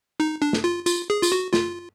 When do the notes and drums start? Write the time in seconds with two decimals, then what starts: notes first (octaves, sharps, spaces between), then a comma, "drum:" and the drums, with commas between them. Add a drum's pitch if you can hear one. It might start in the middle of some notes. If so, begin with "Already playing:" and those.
0.20 D#4
0.42 D4
0.53 drum: snare
0.64 F4
0.86 F4, drum: tambourine
1.10 G#4
1.23 F4, drum: tambourine
1.32 F#4
1.54 F4, drum: snare